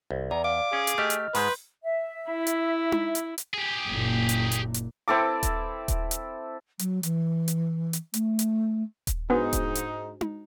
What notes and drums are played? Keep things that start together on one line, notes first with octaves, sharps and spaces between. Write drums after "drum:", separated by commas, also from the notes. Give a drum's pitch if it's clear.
C2
E2 D5 A#5
F5 D6
C#4 G#4
drum: hi-hat
A3 G4 D#5 F6
drum: hi-hat
G#2 G#3 B4 C6 G6, drum: open hi-hat
E5
E4
drum: hi-hat
drum: tom D#4
drum: hi-hat
drum: hi-hat
G4 G#4
F#1 A#2
drum: hi-hat
drum: hi-hat
drum: hi-hat
C4 E4 A4 D6
drum: kick D#1, hi-hat
drum: kick D#1, hi-hat
drum: hi-hat
F#3, drum: hi-hat
E3, drum: hi-hat
drum: hi-hat
drum: hi-hat
A3, drum: hi-hat
drum: hi-hat
drum: kick D#1, hi-hat
G#2 B3 D4 D#4 F#4 C5
drum: kick D#1, hi-hat
drum: hi-hat
drum: tom D#4